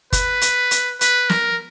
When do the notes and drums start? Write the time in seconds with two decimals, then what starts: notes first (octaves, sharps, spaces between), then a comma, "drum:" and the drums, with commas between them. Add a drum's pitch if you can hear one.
0.13 B4, drum: kick G1, hi-hat
0.41 drum: hi-hat
0.71 drum: hi-hat
1.01 B4, drum: hi-hat
1.29 A#4, drum: snare